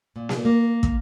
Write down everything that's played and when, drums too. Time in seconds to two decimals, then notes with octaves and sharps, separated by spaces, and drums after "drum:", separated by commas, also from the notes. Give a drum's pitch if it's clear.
0.16 A#2
0.29 drum: snare A#3
0.45 A#3
0.83 drum: kick